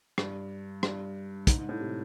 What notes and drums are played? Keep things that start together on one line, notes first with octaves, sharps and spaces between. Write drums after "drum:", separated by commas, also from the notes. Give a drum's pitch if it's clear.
G2, drum: rim click
G2, drum: rim click
G#2, drum: kick, hi-hat
G#2
A2
C3